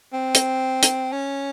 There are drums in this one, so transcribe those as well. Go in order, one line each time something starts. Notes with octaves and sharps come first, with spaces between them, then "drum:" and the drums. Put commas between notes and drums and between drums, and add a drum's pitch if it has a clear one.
C4
drum: hi-hat
drum: hi-hat
C#4